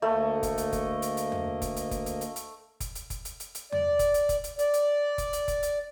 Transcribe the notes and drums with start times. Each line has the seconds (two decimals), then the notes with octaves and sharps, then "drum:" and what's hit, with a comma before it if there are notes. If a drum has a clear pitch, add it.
0.02 D2 A3 A#3 D#5
0.43 drum: kick F1, hi-hat
0.58 drum: hi-hat
0.72 drum: kick F1, hi-hat
1.02 drum: hi-hat
1.17 drum: hi-hat
1.32 drum: tom E2
1.62 drum: kick F1, hi-hat
1.76 drum: hi-hat
1.91 drum: kick F1, hi-hat
2.06 drum: hi-hat
2.21 drum: hi-hat
2.36 drum: hi-hat
2.80 drum: kick F1, hi-hat
2.95 drum: hi-hat
3.10 drum: kick F1, hi-hat
3.25 drum: hi-hat
3.40 drum: hi-hat
3.55 drum: hi-hat
3.72 D5, drum: tom E2
3.99 drum: kick F1, hi-hat
4.14 drum: hi-hat
4.29 drum: kick F1, hi-hat
4.44 drum: hi-hat
4.59 D5, drum: hi-hat
4.74 drum: hi-hat
5.18 drum: kick F1, hi-hat
5.33 drum: hi-hat
5.48 drum: kick F1, hi-hat
5.63 drum: hi-hat